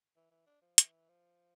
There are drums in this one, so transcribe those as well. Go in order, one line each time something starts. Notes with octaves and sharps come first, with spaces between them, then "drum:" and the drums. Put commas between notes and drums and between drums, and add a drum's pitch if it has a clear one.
E3
E3
D4
F3
E3, drum: hi-hat
F3